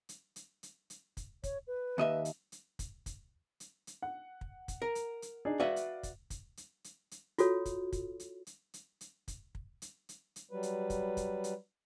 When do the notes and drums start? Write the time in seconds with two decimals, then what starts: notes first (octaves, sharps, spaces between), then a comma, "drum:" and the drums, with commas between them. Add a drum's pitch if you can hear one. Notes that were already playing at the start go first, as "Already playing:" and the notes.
0.09 drum: hi-hat
0.36 drum: hi-hat
0.63 drum: hi-hat
0.90 drum: hi-hat
1.17 drum: kick, hi-hat
1.44 C#5, drum: kick, hi-hat
1.67 B4
1.98 D#2 D#5 E5
2.25 drum: hi-hat
2.52 drum: hi-hat
2.79 drum: kick, hi-hat
3.06 drum: kick, hi-hat
3.60 drum: hi-hat
3.87 drum: hi-hat
4.02 F#5
4.41 drum: kick
4.68 drum: kick, hi-hat
4.82 A#4
4.95 drum: hi-hat
5.22 drum: hi-hat
5.45 D4 D#4 G#4
5.60 F#4 B4 D5 E5 F5
5.76 drum: hi-hat
6.03 drum: kick, hi-hat
6.30 drum: kick, hi-hat
6.57 drum: hi-hat
6.84 drum: hi-hat
7.11 drum: hi-hat
7.38 F4 F#4 A4 C#5, drum: hi-hat
7.65 drum: kick, hi-hat
7.93 drum: kick, hi-hat
8.20 drum: hi-hat
8.47 drum: hi-hat
8.74 drum: hi-hat
9.01 drum: hi-hat
9.28 drum: kick, hi-hat
9.55 drum: kick
9.82 drum: hi-hat
10.09 drum: hi-hat
10.36 drum: hi-hat
10.51 F#3 G3 B4
10.63 drum: hi-hat
10.90 drum: kick, hi-hat
11.17 drum: kick, hi-hat
11.44 drum: hi-hat